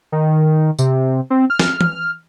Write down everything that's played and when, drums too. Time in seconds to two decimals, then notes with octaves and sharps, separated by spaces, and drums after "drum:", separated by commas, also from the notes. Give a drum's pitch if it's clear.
0.12 D#3
0.79 C3, drum: tambourine
1.30 C4
1.50 F6
1.59 drum: snare
1.81 drum: tom E3